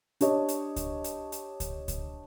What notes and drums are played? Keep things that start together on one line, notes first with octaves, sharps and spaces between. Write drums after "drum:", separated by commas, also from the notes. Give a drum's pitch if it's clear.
D4 G4 C#5 D#5, drum: hi-hat
drum: hi-hat
drum: kick C#2, hi-hat
drum: hi-hat
drum: hi-hat
drum: kick C#2, hi-hat
drum: kick C#2, hi-hat